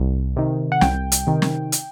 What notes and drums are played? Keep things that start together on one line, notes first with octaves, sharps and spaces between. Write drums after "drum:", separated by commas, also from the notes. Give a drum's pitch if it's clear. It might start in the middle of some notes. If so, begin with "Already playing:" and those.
Already playing: C2
C3 D#3
F#5
C2 G5, drum: snare
drum: hi-hat
C3 D#3
drum: snare
drum: hi-hat